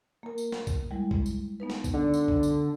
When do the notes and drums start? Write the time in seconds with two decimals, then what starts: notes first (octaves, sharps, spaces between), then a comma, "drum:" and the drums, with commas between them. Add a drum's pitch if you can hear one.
0.23 A#3 A#4
0.38 drum: tambourine
0.52 drum: snare
0.67 drum: kick, tambourine
0.91 G3 G#3 E4
1.11 drum: kick
1.26 drum: tambourine
1.60 B3 D#4 B4
1.70 drum: snare
1.84 drum: kick, tambourine
1.94 D3
2.14 drum: tambourine
2.28 drum: kick
2.43 drum: tambourine